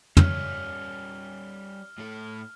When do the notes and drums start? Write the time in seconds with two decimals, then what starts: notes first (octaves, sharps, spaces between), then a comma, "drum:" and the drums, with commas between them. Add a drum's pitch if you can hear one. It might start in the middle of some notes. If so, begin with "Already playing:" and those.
0.17 G3 C#4 F6, drum: tom
1.98 A2 A4